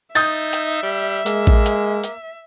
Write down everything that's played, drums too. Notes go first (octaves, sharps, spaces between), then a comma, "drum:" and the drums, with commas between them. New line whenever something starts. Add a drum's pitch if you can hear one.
D#4 E5 D#6 G6 A6, drum: hi-hat
drum: hi-hat
G3
G#3 A#3, drum: hi-hat
drum: kick A1
drum: hi-hat
drum: hi-hat